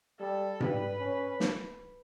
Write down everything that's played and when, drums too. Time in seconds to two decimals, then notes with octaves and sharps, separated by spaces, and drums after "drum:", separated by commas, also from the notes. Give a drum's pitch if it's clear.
0.20 G3 A4
0.60 G3 B4, drum: tom G#2
1.00 C#4
1.40 drum: snare